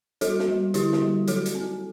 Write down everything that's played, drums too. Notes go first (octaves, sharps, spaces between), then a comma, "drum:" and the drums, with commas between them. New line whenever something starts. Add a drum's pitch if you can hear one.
G3 F#4 A4, drum: hi-hat
drum: snare
G3
D3 E4 G4, drum: hi-hat
drum: snare
G3
F#3 F#4 A4, drum: hi-hat
drum: hi-hat
C4